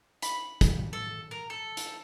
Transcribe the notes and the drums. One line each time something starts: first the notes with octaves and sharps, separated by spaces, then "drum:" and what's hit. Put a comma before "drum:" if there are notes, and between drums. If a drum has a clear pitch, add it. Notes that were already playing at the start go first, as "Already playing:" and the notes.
B5, drum: hi-hat
drum: kick, hi-hat
A4
A#4
A4
drum: hi-hat